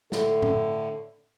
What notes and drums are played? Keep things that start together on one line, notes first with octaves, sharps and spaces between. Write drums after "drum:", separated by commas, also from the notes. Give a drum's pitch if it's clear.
A2 D3 A4, drum: snare
drum: tom A2